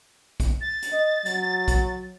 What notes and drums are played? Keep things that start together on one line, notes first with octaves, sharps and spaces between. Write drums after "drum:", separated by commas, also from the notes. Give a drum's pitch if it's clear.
drum: kick A#1, hi-hat
A6
drum: hi-hat
D#5
F#3, drum: hi-hat
drum: kick A#1, hi-hat